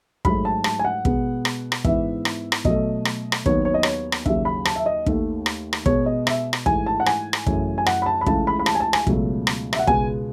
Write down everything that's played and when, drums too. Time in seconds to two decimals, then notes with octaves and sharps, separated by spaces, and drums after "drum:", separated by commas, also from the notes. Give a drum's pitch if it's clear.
0.25 G#2 F#3 A3 B5, drum: kick
0.45 A5
0.64 A5, drum: rim click
0.79 G#5
0.85 F#5
1.05 B2 G#3 B3, drum: kick
1.45 drum: rim click
1.72 drum: rim click
1.84 G#2 E3 B3 E5, drum: kick
2.25 drum: rim click
2.52 drum: rim click
2.65 B2 F#3 A3 D#5, drum: kick
3.05 drum: rim click
3.32 drum: rim click
3.46 D#2 D#3 F#3 B3 C#5, drum: kick
3.65 C#5
3.74 D#5
3.83 C#5, drum: rim click
4.12 drum: rim click
4.26 D#2 C#3 F#3 E5, drum: kick
4.45 B5
4.65 A5, drum: rim click
4.76 E5
4.86 D#5
5.06 D#2 D#3 A3, drum: kick
5.46 drum: rim click
5.73 drum: rim click
5.86 B2 G#3 B3 C#5, drum: kick
6.06 D#5
6.27 E5, drum: rim click
6.53 drum: rim click
6.66 G#2 E3 A3 G#5, drum: kick
6.86 A5
7.00 F#5
7.06 G#5, drum: rim click
7.33 drum: rim click
7.46 F#2 C#3 E3 A3, drum: kick
7.78 G#5
7.86 F#5, drum: rim click
8.02 B5
8.06 A5
8.21 B5
8.26 C#2 C#3 E3 A3 A5, drum: kick
8.47 B5
8.59 B5
8.66 A5, drum: rim click
8.75 G#5
8.80 A5
8.93 G#5, drum: rim click
9.07 C#2 B2 F#3 A3, drum: kick
9.47 drum: rim click
9.73 E5, drum: rim click
9.79 F#5
9.87 C#2 B2 G#3 B3 G#5, drum: kick